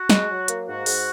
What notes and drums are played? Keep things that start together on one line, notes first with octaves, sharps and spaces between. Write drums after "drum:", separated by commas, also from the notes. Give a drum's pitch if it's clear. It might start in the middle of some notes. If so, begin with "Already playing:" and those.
Already playing: F#4
G#3, drum: snare
F#3
A#3, drum: hi-hat
G#2 F#4
G#2, drum: open hi-hat